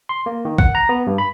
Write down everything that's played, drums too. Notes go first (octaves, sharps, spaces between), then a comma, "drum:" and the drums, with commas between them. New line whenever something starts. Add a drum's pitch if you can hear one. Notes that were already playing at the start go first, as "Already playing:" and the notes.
C6
A#3
D#3
F#5, drum: kick
A#5
B3
G2
B5